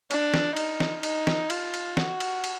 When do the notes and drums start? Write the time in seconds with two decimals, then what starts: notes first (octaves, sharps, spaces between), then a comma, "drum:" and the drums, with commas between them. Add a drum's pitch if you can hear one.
0.11 D4, drum: cymbal
0.34 drum: snare
0.56 D#4, drum: cymbal
0.80 drum: snare
1.03 D#4, drum: cymbal
1.27 drum: snare
1.50 F4, drum: cymbal
1.74 drum: cymbal
1.97 F#4, drum: snare
2.20 drum: cymbal
2.44 drum: cymbal